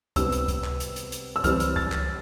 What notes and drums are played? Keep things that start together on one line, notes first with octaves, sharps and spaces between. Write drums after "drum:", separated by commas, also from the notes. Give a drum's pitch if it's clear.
C3 G3 B3 E6, drum: kick C2, hi-hat
drum: hi-hat
drum: kick C2, hi-hat
drum: clap
drum: hi-hat
drum: hi-hat
drum: hi-hat
E6
E3 G3 C4 F6, drum: kick C2, hi-hat
drum: hi-hat
A6, drum: kick C2
drum: clap